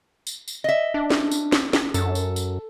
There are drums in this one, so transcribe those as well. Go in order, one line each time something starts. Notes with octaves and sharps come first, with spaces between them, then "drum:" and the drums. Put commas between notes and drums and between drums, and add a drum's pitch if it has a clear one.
drum: tambourine
drum: tambourine
D#5 E5
D4
drum: snare
drum: tambourine
drum: snare
drum: snare
F#2 A4, drum: tambourine
drum: tambourine
drum: tambourine